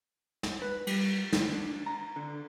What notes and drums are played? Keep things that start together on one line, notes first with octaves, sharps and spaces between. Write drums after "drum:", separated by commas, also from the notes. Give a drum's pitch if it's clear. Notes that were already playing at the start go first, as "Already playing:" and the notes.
drum: snare
B4
G3, drum: cymbal
D2, drum: snare
D4
A#5
D3